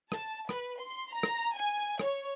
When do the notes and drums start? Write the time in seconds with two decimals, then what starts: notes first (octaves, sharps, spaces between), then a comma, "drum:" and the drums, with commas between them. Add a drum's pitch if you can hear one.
0.12 A5, drum: rim click
0.49 B4, drum: rim click
0.79 C6
1.13 A#5
1.23 drum: rim click
1.55 G#5
1.99 C#5, drum: rim click